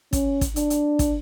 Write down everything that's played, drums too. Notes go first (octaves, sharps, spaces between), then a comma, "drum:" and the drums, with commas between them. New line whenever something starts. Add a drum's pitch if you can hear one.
C#4, drum: kick, hi-hat
drum: kick, hi-hat
D4, drum: hi-hat
drum: hi-hat
drum: kick, hi-hat